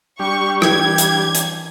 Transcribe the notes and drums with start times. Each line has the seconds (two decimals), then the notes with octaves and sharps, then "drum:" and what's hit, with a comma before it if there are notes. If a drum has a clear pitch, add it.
0.20 G3 D4 G4 C#6
0.62 E3 G#6, drum: rim click
0.98 drum: hi-hat
1.35 drum: hi-hat